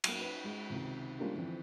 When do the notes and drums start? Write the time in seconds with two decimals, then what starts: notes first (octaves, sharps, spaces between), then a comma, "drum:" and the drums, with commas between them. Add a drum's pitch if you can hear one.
0.04 F#3 A#3, drum: cymbal
0.20 B4
0.44 G#3
0.70 C#2 C3 D#3
1.19 G3 G#3 A#3 C#4 D4 F4
1.35 D3 E3 F3 C4 D4